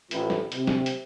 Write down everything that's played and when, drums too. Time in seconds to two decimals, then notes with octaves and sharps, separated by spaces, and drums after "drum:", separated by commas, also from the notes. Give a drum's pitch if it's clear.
0.11 A1 A2 F3 E4, drum: hi-hat
0.30 drum: snare
0.52 C3, drum: hi-hat
0.67 drum: snare
0.86 drum: hi-hat